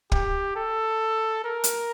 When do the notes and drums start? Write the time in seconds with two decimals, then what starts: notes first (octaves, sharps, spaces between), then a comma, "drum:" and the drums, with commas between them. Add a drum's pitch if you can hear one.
0.12 G4, drum: kick
0.56 A4
1.44 A#4
1.64 drum: hi-hat